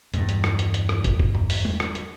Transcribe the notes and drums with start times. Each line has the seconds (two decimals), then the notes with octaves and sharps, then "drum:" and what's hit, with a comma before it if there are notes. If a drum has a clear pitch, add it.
0.14 E2 G2, drum: hi-hat
0.29 drum: hi-hat
0.44 drum: rim click
0.59 drum: hi-hat
0.74 drum: hi-hat
0.89 drum: rim click
1.04 drum: kick, hi-hat
1.20 drum: kick
1.35 drum: tom E2
1.50 drum: open hi-hat
1.65 drum: tom G3
1.80 drum: rim click
1.95 drum: hi-hat